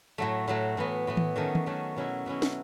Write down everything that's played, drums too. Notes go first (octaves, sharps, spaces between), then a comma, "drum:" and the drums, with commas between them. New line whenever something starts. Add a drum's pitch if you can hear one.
A2 F#3 A3
A2 F#3 A3
A2 E3 B3
A2 E3 B3
drum: tom D#3
D#3 F#3 A3 C#4
drum: tom D#3
D#3 F#3 A3 C#4
B2 F#3 C#4 E4
B2 F#3 C#4 E4
drum: snare